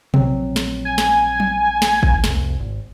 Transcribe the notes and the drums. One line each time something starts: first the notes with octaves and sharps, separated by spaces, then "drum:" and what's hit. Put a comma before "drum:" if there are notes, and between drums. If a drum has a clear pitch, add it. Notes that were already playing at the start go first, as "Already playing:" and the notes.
A#1 F#3 C4, drum: tom B2
drum: snare
G#5
drum: snare
drum: tom F#3
drum: snare
drum: kick
F1 C2, drum: snare
G#1